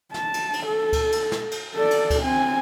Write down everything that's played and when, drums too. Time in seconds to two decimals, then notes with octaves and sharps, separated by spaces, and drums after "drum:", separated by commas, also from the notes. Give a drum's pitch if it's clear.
0.14 A5, drum: snare
0.34 drum: cymbal
0.53 drum: cymbal
0.66 A4
0.93 drum: kick C#2, cymbal
1.12 drum: cymbal
1.32 drum: snare
1.52 drum: cymbal
1.75 A4 D5
1.91 drum: cymbal
2.10 drum: kick C#2, cymbal
2.22 C4 G#5